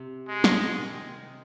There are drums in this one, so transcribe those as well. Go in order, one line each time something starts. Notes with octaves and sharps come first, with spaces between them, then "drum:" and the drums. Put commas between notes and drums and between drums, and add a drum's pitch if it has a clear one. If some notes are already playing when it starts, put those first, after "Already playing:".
Already playing: C3
G#3
drum: snare
C3 D#3